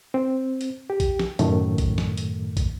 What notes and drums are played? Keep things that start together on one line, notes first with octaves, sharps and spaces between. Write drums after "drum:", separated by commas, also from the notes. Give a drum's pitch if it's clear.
C4
drum: hi-hat
G4
drum: kick, hi-hat
drum: snare
F#2 A2 D#3 A3, drum: hi-hat
drum: kick, hi-hat
drum: snare
drum: hi-hat
drum: kick, hi-hat